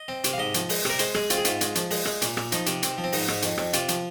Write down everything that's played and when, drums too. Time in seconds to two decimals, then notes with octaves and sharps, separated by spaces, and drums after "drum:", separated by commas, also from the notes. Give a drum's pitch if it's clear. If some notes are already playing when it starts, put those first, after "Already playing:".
Already playing: D#5
0.08 C4
0.24 C3, drum: hi-hat
0.33 F5
0.38 G#2 D#5
0.54 F3, drum: hi-hat
0.69 G#3, drum: open hi-hat
0.85 C3 A#4, drum: rim click
0.99 G#3 C5, drum: hi-hat
1.15 G#3 G#4, drum: rim click
1.30 C4 F4, drum: hi-hat
1.37 G#4
1.45 G#2 F4, drum: hi-hat
1.61 G#3, drum: hi-hat
1.75 F3, drum: hi-hat
1.91 G#3, drum: open hi-hat
2.05 G#3, drum: rim click
2.22 A#2, drum: hi-hat
2.37 A#2, drum: rim click
2.52 F3 D#4, drum: hi-hat
2.66 C3, drum: hi-hat
2.83 C4, drum: hi-hat
2.98 F3
3.04 C4
3.13 G#2 D#4, drum: open hi-hat
3.28 G#2, drum: rim click
3.42 F2, drum: hi-hat
3.58 F2, drum: rim click
3.73 C3 F4, drum: hi-hat
3.88 F3, drum: hi-hat